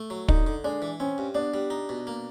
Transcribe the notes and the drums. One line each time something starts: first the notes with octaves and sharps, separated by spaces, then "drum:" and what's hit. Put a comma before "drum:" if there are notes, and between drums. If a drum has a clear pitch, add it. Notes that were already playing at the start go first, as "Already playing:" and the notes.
Already playing: A3
F#3
D3 D#4, drum: kick
D3
G#3 D4
E3
C4 C#4
G2
B3 D4
G3
D#4
B2
A#3